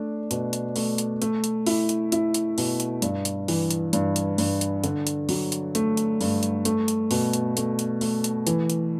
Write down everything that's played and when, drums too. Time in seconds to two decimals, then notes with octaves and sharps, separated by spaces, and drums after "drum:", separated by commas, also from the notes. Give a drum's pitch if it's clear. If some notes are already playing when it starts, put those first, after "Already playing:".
Already playing: A3 D4
0.31 B2, drum: hi-hat
0.53 drum: hi-hat
0.76 A3, drum: open hi-hat
0.98 drum: hi-hat
1.22 A3, drum: hi-hat
1.44 drum: hi-hat
1.66 E4, drum: open hi-hat
1.89 drum: hi-hat
2.12 E4, drum: hi-hat
2.34 drum: hi-hat
2.58 B2, drum: open hi-hat
2.80 drum: hi-hat
3.02 G2, drum: hi-hat
3.25 drum: hi-hat
3.48 E3, drum: open hi-hat
3.71 drum: hi-hat
3.93 G2, drum: hi-hat
4.16 drum: hi-hat
4.38 G2, drum: open hi-hat
4.61 drum: hi-hat
4.84 D3, drum: hi-hat
5.07 drum: hi-hat
5.29 F#3, drum: open hi-hat
5.52 drum: hi-hat
5.75 A3, drum: hi-hat
5.97 drum: hi-hat
6.21 G2, drum: open hi-hat
6.43 drum: hi-hat
6.65 A3, drum: hi-hat
6.88 drum: hi-hat
7.11 B2, drum: open hi-hat
7.33 drum: hi-hat
7.57 A3, drum: hi-hat
7.79 drum: hi-hat
8.01 A3, drum: open hi-hat
8.24 drum: hi-hat
8.47 E3, drum: hi-hat
8.70 drum: hi-hat